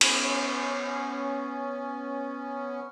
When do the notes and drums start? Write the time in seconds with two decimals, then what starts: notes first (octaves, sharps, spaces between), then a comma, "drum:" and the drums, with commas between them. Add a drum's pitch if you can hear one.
0.01 B3 C#4, drum: cymbal